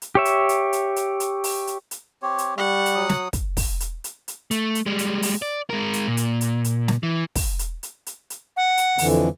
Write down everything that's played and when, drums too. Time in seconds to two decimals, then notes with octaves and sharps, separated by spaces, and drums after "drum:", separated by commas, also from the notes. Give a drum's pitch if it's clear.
0.02 drum: hi-hat
0.15 G4 C#5 E5
0.25 drum: hi-hat
0.49 drum: hi-hat
0.73 drum: hi-hat
0.96 drum: hi-hat
1.20 drum: hi-hat
1.44 drum: open hi-hat
1.67 drum: hi-hat
1.91 drum: hi-hat
2.22 C4 G4 C#5
2.38 drum: hi-hat
2.58 G3 F#5 C#6
2.86 drum: hi-hat
2.95 F#3 D#6
3.09 drum: snare
3.33 drum: kick, hi-hat
3.57 drum: kick, open hi-hat
3.80 drum: hi-hat
4.04 drum: hi-hat
4.28 drum: hi-hat
4.51 A3, drum: hi-hat
4.75 drum: hi-hat
4.86 G3 G#3
4.99 drum: hi-hat
5.22 drum: open hi-hat
5.42 D5
5.70 G#3 A#4
5.93 drum: hi-hat
6.08 A#2
6.17 drum: hi-hat
6.41 drum: hi-hat
6.64 drum: hi-hat
6.88 drum: snare
7.03 E3
7.35 drum: kick, open hi-hat
7.59 drum: hi-hat
7.83 drum: hi-hat
8.06 drum: hi-hat
8.30 drum: hi-hat
8.57 F#5
8.78 drum: hi-hat
8.98 F2 D3 E3, drum: open hi-hat